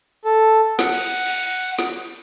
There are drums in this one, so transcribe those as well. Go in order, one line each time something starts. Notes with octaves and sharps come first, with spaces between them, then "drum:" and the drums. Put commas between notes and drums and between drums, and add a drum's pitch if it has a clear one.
A4
F#5, drum: snare
drum: cymbal
drum: cymbal
drum: snare